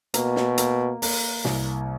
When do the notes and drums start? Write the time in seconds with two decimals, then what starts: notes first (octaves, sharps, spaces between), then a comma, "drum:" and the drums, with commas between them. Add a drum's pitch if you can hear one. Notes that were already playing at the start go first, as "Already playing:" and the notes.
0.14 B2 A#3, drum: hi-hat
0.36 drum: snare
0.58 A#3, drum: hi-hat
1.02 A#3, drum: open hi-hat
1.45 C2, drum: snare